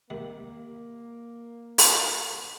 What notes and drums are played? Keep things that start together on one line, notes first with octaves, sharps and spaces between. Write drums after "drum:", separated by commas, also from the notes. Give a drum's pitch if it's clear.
D#2 C3 D#3 A#3
drum: open hi-hat